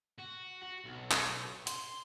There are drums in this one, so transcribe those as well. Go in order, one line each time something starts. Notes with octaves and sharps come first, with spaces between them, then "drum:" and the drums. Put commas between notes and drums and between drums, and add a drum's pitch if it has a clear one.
F#4
F#4
B1
drum: clap
C6, drum: hi-hat